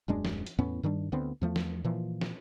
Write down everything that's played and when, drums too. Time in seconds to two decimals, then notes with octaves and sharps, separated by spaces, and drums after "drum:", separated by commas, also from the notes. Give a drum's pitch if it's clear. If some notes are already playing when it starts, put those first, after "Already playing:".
0.08 D#1 F#2 G#3 D4
0.25 drum: snare
0.47 drum: hi-hat
0.58 E2 A2 B3 C#4
0.83 G2 D#3 G3 D4
1.12 D2 D3 B3 C4
1.42 E2 F3 A3
1.56 drum: snare
1.84 A#2 E3 F3
2.21 drum: snare